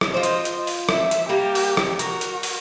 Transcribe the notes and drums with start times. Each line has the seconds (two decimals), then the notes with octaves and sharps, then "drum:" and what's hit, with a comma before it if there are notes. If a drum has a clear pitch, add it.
0.01 drum: rim click
0.14 F4 C5 D#5
0.23 drum: hi-hat
0.45 drum: hi-hat
0.67 drum: open hi-hat
0.89 E5, drum: rim click
1.11 drum: hi-hat
1.29 G3 A#3 G4 A#4
1.55 drum: open hi-hat
1.77 drum: rim click
1.99 F#4 A#4, drum: hi-hat
2.21 drum: hi-hat
2.43 drum: open hi-hat